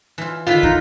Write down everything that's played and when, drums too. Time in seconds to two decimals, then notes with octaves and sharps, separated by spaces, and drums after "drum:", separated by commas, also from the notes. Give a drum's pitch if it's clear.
0.18 E3 F4
0.47 D3 D#3 E4 F4 B6
0.63 D#4 F#5, drum: kick